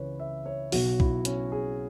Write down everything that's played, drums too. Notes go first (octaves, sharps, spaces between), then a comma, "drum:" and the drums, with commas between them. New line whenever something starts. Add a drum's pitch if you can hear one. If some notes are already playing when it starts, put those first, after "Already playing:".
Already playing: C#2 C#3 E3 B4 C#5
E5
C#5
B1 B2 F#3 F#4, drum: open hi-hat
E4, drum: kick B1
C#4, drum: hi-hat
G#4